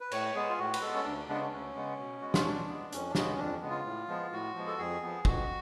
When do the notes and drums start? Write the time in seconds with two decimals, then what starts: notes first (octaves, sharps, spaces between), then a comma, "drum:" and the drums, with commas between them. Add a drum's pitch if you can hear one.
0.01 B4
0.12 A2 C#5, drum: cymbal
0.35 G#3 B3 G#4
0.49 F4
0.59 A2 F#4
0.74 B4, drum: cymbal
0.81 G#3 B3 A4
0.94 C#4
1.04 D2 D4
1.17 D4
1.28 C#3 G#3 B3 D4
1.41 C#4
1.52 D2 C#4
1.76 C#3 G#3 B3
1.99 B2
2.21 G#3 B3 F#4
2.34 F4, drum: snare
2.45 B2 D4
2.68 G#3 B3
2.92 F2 C#4, drum: hi-hat
3.10 D4
3.15 C#3 G#3 B3 C#4, drum: snare
3.38 F2 D4
3.62 C#3 G#3 B3
3.70 F4
3.85 A2
4.08 F3 G#3 B3
4.32 A2 F#4
4.55 F3 G#3 B3
4.67 A4
4.79 F2 G#4
5.02 F3 B3
5.25 F2 F#4, drum: kick